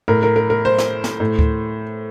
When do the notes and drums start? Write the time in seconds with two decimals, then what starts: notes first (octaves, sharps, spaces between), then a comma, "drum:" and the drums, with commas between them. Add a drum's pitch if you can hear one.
0.08 A2 A#4
0.23 A#4
0.36 A#4
0.50 A#4
0.65 C5
0.78 drum: snare
1.04 drum: snare
1.20 A2
1.39 drum: kick D2